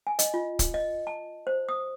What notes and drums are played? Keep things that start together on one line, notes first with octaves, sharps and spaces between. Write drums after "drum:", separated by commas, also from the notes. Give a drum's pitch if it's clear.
G#5
D#5, drum: hi-hat
F4
drum: kick C#1, hi-hat
D#5
A5
C5
D#6